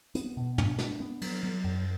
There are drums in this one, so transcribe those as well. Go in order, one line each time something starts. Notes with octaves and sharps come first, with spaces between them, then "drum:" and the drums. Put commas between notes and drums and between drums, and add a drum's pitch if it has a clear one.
B3, drum: hi-hat
B2
D4, drum: tom
D4, drum: snare
B3
F#3, drum: cymbal
F#3
F#2